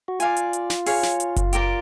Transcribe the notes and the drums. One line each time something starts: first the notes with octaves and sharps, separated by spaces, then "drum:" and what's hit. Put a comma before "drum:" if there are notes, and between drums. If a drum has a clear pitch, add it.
F#4
F4 D5 F5 G#5, drum: hi-hat
drum: hi-hat
drum: hi-hat
drum: snare
G#4 C#5 F5, drum: open hi-hat
drum: snare
drum: hi-hat
drum: kick F#1, hi-hat
G4 A#4 D5, drum: hi-hat